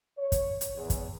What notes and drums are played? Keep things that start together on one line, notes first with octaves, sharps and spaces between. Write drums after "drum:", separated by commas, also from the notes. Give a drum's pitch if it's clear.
C#5
drum: kick, hi-hat
drum: hi-hat
E2
drum: kick, hi-hat